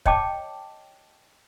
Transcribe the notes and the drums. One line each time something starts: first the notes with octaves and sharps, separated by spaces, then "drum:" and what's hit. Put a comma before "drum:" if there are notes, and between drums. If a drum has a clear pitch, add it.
C#5 D#5 G5 A5 D6, drum: kick